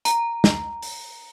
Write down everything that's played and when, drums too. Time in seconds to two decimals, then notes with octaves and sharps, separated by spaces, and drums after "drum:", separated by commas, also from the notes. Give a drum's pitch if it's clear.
0.05 A#5, drum: hi-hat
0.44 drum: snare
0.82 drum: open hi-hat